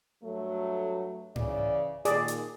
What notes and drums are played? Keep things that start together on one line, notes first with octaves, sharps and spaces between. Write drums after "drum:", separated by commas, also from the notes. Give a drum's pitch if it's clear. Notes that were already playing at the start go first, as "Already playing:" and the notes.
G2 F#3 A3
C#3 E3 D5, drum: tom G#2
A#2 D#3 G#4 D5, drum: hi-hat
drum: hi-hat